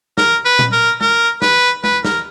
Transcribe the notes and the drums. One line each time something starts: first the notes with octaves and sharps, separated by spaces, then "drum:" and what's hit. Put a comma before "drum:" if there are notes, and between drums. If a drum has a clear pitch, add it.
A#4, drum: snare
B4
drum: tom A#2
A#4
A#4, drum: tom G#3
B4, drum: snare
B4, drum: tom G#3
A#4, drum: snare